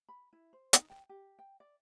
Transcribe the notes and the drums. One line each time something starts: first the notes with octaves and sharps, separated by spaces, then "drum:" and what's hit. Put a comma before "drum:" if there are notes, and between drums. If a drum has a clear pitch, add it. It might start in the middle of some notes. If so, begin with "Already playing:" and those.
B5
E4
C5
D#4, drum: hi-hat
G5
G4
G5
D5